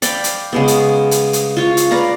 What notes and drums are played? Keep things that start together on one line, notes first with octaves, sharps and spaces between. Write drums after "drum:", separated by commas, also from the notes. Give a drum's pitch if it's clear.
D5 F5 G5 B5, drum: hi-hat
drum: hi-hat
C#3 G#3 B3
drum: hi-hat
drum: hi-hat
drum: hi-hat
F4 C#5
drum: hi-hat
B4 D5 F5 A#5